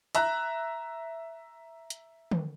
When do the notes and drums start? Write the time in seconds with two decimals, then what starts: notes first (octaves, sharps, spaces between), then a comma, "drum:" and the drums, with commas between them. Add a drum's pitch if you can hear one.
0.15 E5 A#5 F#6, drum: hi-hat
1.90 drum: hi-hat
2.31 drum: tom D3